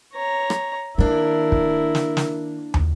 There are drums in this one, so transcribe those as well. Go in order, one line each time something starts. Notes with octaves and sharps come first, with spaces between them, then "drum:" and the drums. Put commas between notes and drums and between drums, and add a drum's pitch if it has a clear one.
C#5 A#5
drum: rim click
D#3 A#3 D4 E4 A#4
drum: kick
drum: snare
drum: snare
drum: tom